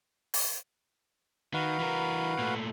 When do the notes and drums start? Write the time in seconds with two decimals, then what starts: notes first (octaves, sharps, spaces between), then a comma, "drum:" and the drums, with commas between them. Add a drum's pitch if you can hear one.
0.34 drum: open hi-hat
1.54 D#3 F#4 B4 F5
1.79 E3 A#4
2.38 A#2 A3